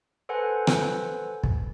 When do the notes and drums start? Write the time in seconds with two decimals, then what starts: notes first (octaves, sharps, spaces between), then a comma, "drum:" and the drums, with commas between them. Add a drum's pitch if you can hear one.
0.29 A4 B4 C5 F#5 G#5
0.67 drum: rim click
1.43 drum: kick